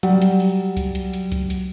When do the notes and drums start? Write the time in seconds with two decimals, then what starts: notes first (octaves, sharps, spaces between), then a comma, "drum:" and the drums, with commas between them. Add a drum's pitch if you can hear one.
0.03 F#3 G3, drum: hi-hat
0.22 drum: hi-hat
0.40 drum: open hi-hat
0.77 drum: kick C2, hi-hat
0.95 drum: hi-hat
1.13 drum: hi-hat
1.32 drum: kick C2, hi-hat
1.50 drum: hi-hat